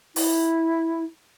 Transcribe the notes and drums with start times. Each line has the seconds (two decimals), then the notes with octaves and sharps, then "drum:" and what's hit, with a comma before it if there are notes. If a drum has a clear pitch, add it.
0.16 E4, drum: open hi-hat